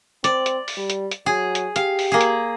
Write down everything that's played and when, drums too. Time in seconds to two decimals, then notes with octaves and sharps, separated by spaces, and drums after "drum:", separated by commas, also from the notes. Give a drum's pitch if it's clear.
0.24 C4 D5, drum: hi-hat
0.46 drum: hi-hat
0.68 drum: open hi-hat
0.77 G3
0.90 drum: hi-hat
1.11 drum: hi-hat
1.26 F#3 G#4
1.55 drum: hi-hat
1.76 G4 F5, drum: hi-hat
1.99 drum: open hi-hat
2.12 A#3 G#4
2.21 drum: hi-hat